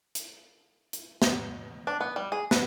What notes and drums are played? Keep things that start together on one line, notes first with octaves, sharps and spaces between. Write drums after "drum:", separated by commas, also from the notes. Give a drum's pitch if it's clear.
drum: hi-hat
drum: hi-hat
drum: snare
D4
B3
G3
G#4
B4, drum: snare